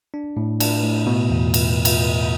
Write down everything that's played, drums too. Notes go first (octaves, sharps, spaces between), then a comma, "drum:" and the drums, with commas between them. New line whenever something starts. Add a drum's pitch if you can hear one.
D4
A2
D4, drum: cymbal
A2
B2
E2
drum: cymbal
drum: cymbal